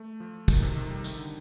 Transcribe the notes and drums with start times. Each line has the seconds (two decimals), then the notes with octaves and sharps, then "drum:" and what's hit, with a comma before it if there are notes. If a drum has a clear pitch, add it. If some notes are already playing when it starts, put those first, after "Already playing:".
Already playing: A3
0.20 F3
0.48 D#3, drum: kick, tambourine
0.63 C3
0.76 D#3
0.90 G3
1.04 D#3, drum: tambourine
1.18 D3